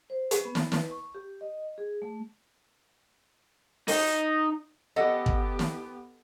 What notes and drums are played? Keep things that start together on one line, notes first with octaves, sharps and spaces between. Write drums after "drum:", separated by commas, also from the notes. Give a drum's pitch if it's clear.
C5
B4, drum: hi-hat
B3
drum: snare
B4, drum: snare
C#6
G4
D#5
G#4
A3
D#4, drum: open hi-hat
B3 G4 A4 D#5 F#5
drum: kick
drum: snare